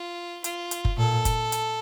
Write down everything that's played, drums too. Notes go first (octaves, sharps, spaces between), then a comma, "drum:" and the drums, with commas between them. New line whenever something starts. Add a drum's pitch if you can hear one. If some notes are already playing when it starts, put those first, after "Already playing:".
Already playing: F4
F4, drum: hi-hat
drum: hi-hat
drum: kick F#1
A#2 A4
drum: kick F#1, hi-hat
drum: hi-hat